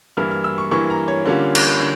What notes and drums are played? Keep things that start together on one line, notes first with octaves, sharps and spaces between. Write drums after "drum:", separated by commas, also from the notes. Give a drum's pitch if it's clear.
G2 E3 A#3 E4 F6
F6
E6
C#6
G2 E3 A#3 E4 C#6
A#5
C#5
D3 G3 A#3 C#4 F4
drum: cymbal
D3